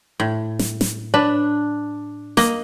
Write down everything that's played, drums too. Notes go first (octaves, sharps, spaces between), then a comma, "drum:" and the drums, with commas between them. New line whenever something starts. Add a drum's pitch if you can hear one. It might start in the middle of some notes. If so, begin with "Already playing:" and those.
A2
drum: snare
drum: snare
D4 B4
A#3 D#5, drum: snare